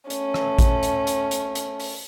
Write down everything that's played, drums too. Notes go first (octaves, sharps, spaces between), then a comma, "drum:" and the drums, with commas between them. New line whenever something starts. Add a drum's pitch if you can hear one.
A3 C#4, drum: hi-hat
drum: rim click
drum: kick A1, hi-hat
drum: hi-hat
drum: hi-hat
drum: hi-hat
drum: hi-hat
drum: open hi-hat